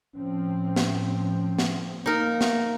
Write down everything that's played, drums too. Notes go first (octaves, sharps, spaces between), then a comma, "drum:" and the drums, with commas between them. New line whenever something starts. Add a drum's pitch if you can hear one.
A2 F3 C4 C#4
drum: snare
drum: snare
A#3 D#4 A#4
drum: snare